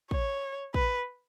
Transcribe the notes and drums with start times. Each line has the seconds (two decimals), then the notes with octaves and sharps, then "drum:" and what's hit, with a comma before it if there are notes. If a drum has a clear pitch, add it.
0.11 C#5, drum: kick
0.74 B4, drum: kick